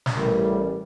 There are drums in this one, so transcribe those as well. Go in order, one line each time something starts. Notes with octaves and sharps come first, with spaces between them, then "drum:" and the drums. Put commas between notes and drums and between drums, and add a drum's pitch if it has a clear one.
drum: snare
A1 G3 A#4